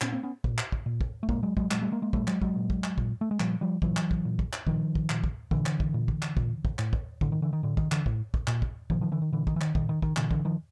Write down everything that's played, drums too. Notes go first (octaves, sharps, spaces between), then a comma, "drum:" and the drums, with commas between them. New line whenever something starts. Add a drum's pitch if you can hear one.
A#2 B3 C#4, drum: clap
A#3 C4
B3 C#4
A#2, drum: kick
drum: clap
drum: kick
A#2
drum: kick
A3
A#2 G#3 A#3, drum: kick
F#3 G#3
F#3 G#3, drum: kick
A#2 F#3 G#3, drum: clap
G3 A3
G#3 A#3
G#3 A#3
A#2 G3 A3, drum: kick
F#3 G#3, drum: clap
F#3 G#3, drum: kick
A#2
drum: kick
drum: clap
A#2, drum: kick
A3
G#3
A#2 F3 G3, drum: clap
F3 G3
A#2 E3 F#3, drum: kick
drum: clap
drum: kick
A#2
drum: kick
drum: clap
A#2 D#3 F3, drum: kick
drum: kick
A#2, drum: clap
drum: kick
A#2 D3 E3, drum: kick
drum: clap
drum: kick
A#2
drum: kick
drum: clap
A#2, drum: kick
drum: kick
A2, drum: clap
drum: kick
A2 D3, drum: kick
D#3
D3 E3
D#3
A2 D3
D#3, drum: kick
D3 E3, drum: clap
A2, drum: kick
drum: kick
A#2, drum: clap
drum: kick
A#2 D#3 F3, drum: kick
D#3 F3
D3 E3
D#3
A#2 D3 E3
D#3, drum: kick
E3
D#3, drum: clap
A#2 D#3, drum: kick
D#3
D#3, drum: kick
A#2 D3 E3, drum: clap
D3 E3, drum: kick
D#3 F3